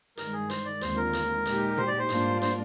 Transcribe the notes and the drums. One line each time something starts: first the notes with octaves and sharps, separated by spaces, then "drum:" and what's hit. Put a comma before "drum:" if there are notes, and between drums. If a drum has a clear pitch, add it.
G2 D#3 G#3 A#4, drum: hi-hat
G#4
C5, drum: hi-hat
D5
D#2 D3 G#3 C4 F4 C5, drum: hi-hat
A#4
drum: hi-hat
A#2 G#3 D#4 G4, drum: hi-hat
C5, drum: tom A#2
D5
C5
G#2 G3 A#3 D4 F4, drum: hi-hat
C5, drum: hi-hat